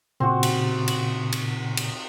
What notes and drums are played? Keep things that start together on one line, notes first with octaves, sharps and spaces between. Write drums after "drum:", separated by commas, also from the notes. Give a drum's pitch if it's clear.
A#2 C#3 C4 F#4
drum: cymbal
drum: cymbal
drum: cymbal
drum: cymbal